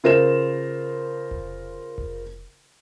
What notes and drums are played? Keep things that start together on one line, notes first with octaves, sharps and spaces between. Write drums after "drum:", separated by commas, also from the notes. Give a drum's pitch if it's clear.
C#3 F4 A#4 C5 E7
drum: kick F1
drum: kick F1